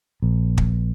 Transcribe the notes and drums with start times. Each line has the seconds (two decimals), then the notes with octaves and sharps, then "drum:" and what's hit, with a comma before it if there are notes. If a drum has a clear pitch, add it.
0.22 A#1
0.58 drum: kick